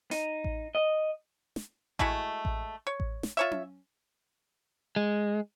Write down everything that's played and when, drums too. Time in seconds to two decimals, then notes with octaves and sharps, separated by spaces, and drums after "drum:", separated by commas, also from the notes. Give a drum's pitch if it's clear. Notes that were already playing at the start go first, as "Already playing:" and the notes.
0.11 D#4, drum: hi-hat
0.44 drum: kick A1
0.75 D#5
1.56 drum: snare
1.99 G#3 A3 E4 F#4, drum: kick A1
2.45 drum: kick A1
2.87 C#5
3.00 drum: kick A1
3.23 drum: snare
3.37 F4 C#5 E5
3.51 drum: tom C#4
4.96 G#3